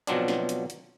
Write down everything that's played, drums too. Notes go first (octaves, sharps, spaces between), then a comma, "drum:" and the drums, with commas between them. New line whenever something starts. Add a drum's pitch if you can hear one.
B2 F3 F#3 C4 D4, drum: hi-hat
drum: snare
drum: hi-hat
drum: hi-hat